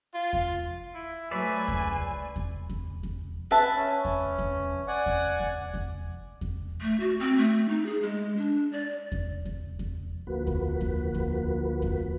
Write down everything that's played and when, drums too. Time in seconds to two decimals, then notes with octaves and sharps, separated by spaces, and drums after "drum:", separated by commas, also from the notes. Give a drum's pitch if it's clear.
0.15 F4
0.33 drum: kick E2
0.95 E4
1.31 F#3 A3 B4 C5 D5 E5 G#5
1.68 C#2, drum: kick E2
2.36 drum: kick E2
2.70 drum: kick E2
3.03 drum: kick E2
3.51 B4 E5 A5
3.76 C#4
4.05 drum: kick E2
4.39 drum: kick E2
4.87 D5 F#5 G#5
5.06 drum: kick E2
5.40 drum: kick E2
5.74 drum: kick E2
6.41 drum: kick E2
6.81 A3
7.00 F#4
7.20 C4
7.37 A3
7.69 D#4
7.86 G#4
8.02 G#3
8.37 D4
8.72 D5
9.12 drum: kick E2
9.46 drum: kick E2
9.79 drum: kick E2
10.27 D2 F3 A#3 F#4 B4
10.47 drum: kick E2
10.81 drum: kick E2
11.14 drum: kick E2
11.82 drum: kick E2